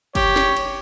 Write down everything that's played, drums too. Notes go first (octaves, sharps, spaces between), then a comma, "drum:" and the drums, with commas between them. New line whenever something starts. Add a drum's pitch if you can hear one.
G4 C#5, drum: kick, cymbal
drum: snare
drum: cymbal